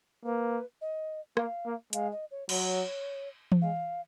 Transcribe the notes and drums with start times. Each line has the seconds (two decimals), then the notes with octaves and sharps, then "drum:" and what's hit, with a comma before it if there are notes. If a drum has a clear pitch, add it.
0.25 A#3 B4
0.81 D#5
1.37 A#3 F5, drum: rim click
1.66 A#3
1.93 G#3 F5, drum: hi-hat
2.12 D#5
2.31 C#5
2.49 F#3 C#5, drum: cymbal
3.52 drum: tom E3
3.62 G#3 F5